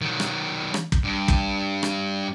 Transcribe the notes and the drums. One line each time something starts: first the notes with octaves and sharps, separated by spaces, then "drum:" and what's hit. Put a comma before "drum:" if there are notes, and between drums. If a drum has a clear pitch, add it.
D#3 F#3
drum: rim click
drum: rim click
drum: kick
G2
drum: kick
drum: rim click